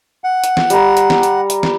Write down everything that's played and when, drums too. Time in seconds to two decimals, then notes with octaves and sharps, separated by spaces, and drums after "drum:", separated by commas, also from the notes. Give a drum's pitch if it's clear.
0.24 F#5
0.44 drum: hi-hat
0.57 drum: snare
0.70 G3 A#5, drum: hi-hat
0.97 drum: hi-hat
1.10 drum: snare
1.23 drum: hi-hat
1.50 drum: hi-hat
1.63 drum: snare